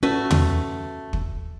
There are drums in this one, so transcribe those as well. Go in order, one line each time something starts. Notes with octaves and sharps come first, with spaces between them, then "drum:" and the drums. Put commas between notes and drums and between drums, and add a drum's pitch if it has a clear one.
A3 C#4 F#4 B4
drum: tom
drum: kick